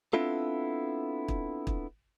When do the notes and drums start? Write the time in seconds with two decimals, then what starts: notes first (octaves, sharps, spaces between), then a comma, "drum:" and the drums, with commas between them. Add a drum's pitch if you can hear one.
0.13 B3 C4 D4 E4 F4 A4
1.28 drum: kick
1.67 drum: kick